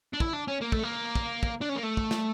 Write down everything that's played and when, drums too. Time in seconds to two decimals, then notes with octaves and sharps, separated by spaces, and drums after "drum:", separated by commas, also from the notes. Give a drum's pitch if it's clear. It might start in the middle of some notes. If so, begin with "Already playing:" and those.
0.13 D4
0.20 E4, drum: kick
0.33 D4
0.48 C#4
0.61 A#3
0.72 A3, drum: kick
0.83 A#3
1.15 drum: kick
1.43 drum: kick
1.61 D4
1.69 C#4
1.76 A#3
1.83 A3
1.97 drum: kick
2.11 drum: snare